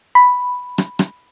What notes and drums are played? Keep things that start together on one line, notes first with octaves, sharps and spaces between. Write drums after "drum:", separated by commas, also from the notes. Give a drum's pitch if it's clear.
B5
drum: rim click
drum: rim click